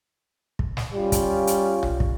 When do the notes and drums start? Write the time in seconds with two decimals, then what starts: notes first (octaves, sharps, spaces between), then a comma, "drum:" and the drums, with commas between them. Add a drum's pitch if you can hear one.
0.59 drum: kick
0.77 drum: snare
0.94 G3 C#4 F4
1.12 drum: kick, hi-hat
1.47 drum: hi-hat
1.83 drum: tom B1
2.00 drum: kick